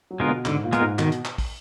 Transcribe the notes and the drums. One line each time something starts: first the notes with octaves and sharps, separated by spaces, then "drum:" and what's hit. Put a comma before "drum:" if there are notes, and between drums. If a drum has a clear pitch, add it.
F#3
D3 G#3 B3 F4 A#4
B2
G#2 D3, drum: clap
A#2
G#3 B3 F4 A#4, drum: hi-hat
G#2
B2 D#3, drum: clap
drum: hi-hat
drum: clap
drum: kick, open hi-hat